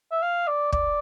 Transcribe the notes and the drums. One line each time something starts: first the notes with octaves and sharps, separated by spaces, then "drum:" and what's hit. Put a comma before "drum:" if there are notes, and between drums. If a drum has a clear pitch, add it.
E5
F5
D5
D5, drum: kick